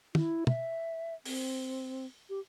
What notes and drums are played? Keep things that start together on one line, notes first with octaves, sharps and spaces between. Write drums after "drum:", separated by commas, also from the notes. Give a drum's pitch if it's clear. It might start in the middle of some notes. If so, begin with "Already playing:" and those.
E4, drum: tom
E5, drum: tom
C4, drum: open hi-hat
G4